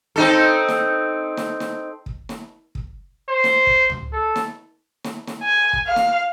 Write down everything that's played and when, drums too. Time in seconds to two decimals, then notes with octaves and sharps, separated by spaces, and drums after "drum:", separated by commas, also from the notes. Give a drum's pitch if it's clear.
0.16 C4 D#4 A4
0.68 drum: snare
1.37 drum: snare
1.60 drum: snare
2.06 drum: kick
2.29 drum: snare
2.75 drum: kick
3.29 C5
3.44 drum: snare
3.67 drum: kick
3.90 drum: tom C#2
4.13 A4
4.36 drum: snare
5.04 drum: snare
5.27 drum: snare
5.43 G#5
5.73 drum: kick
5.87 F5
5.96 drum: snare